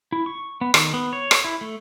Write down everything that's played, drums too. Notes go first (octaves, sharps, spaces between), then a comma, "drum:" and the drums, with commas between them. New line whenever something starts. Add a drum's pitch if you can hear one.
E4
C#6
B3
D#3, drum: rim click
B3
C#5
drum: rim click
E4
A3